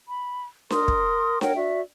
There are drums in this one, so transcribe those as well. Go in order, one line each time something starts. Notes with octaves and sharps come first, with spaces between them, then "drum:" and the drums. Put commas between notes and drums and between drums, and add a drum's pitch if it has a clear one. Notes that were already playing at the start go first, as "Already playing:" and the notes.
B5
A#4 C6 D#6, drum: snare D4
drum: kick
A#4 C#5 F#5 G5, drum: snare D4
F#4 D5 E5